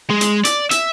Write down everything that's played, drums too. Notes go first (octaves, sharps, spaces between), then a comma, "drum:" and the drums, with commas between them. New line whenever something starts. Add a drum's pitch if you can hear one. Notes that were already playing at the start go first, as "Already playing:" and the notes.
G#3
drum: hi-hat
D5, drum: hi-hat
E5, drum: hi-hat